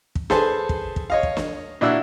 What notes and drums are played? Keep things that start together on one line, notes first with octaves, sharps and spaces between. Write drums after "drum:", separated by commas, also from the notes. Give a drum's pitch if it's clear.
drum: kick
G#4 A4 B4 C5 G#5 A5, drum: snare
drum: kick
drum: kick
C#5 D#5 F5
drum: kick
drum: snare
A#2 D4 E4 F#4 E6 F#6